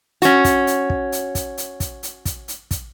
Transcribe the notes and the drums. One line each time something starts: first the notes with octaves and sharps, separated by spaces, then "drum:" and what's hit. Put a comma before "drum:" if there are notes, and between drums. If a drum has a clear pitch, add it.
C#4 F#4, drum: hi-hat
drum: kick, hi-hat
drum: hi-hat
drum: kick
drum: hi-hat
drum: kick, hi-hat
drum: hi-hat
drum: kick, hi-hat
drum: hi-hat
drum: kick, hi-hat
drum: hi-hat
drum: kick, hi-hat